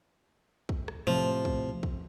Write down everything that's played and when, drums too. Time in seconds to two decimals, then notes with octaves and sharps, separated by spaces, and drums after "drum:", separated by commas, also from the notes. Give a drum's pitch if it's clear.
0.69 drum: kick
0.88 drum: rim click
1.07 A2 C3 F3
1.45 drum: kick
1.83 drum: kick